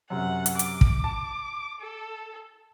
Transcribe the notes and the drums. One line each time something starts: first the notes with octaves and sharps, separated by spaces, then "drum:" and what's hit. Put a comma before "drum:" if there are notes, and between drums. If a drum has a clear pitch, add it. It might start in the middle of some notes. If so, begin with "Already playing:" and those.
F#2 C3 F#5
drum: hi-hat
D6, drum: hi-hat
drum: kick
A5
A4